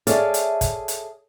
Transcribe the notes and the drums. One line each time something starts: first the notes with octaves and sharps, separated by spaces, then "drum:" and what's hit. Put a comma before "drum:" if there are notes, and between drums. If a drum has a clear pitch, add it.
G#4 A4 C#5 D5 E5 F5, drum: hi-hat
drum: hi-hat
drum: kick, hi-hat
drum: hi-hat